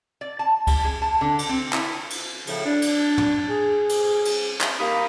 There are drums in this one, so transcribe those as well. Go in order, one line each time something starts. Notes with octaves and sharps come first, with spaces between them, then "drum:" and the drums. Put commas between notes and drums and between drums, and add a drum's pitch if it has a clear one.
D5
A5
G3, drum: kick C#2, cymbal
G#4
A5
D3
drum: cymbal
C4
E4, drum: clap
drum: cymbal
A2 C#3 F3, drum: cymbal
D4
drum: cymbal
drum: tom
G#4
drum: cymbal
drum: cymbal
drum: clap
D#2 A#3 D#4 G4 B5 D#6